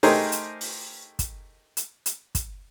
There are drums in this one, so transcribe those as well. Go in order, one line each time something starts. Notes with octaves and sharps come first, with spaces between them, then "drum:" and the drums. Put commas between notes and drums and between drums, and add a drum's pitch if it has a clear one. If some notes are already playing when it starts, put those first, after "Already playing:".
A3 D#4 G4 G#4 A#4 C5, drum: open hi-hat
drum: hi-hat
drum: open hi-hat
drum: kick, hi-hat
drum: hi-hat
drum: hi-hat
drum: kick, hi-hat